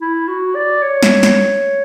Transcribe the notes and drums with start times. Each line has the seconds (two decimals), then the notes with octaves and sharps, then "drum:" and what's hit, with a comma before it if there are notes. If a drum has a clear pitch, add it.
0.01 E4
0.28 F#4
0.55 D5
0.82 C#5
1.03 drum: snare
1.23 drum: snare